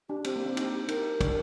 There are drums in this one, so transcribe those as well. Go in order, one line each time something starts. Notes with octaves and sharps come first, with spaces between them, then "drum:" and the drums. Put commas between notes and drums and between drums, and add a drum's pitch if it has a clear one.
D4 G4
C4 G4, drum: cymbal
A#3
C4
D#4, drum: cymbal
D#4 A#4, drum: cymbal
D4, drum: kick, cymbal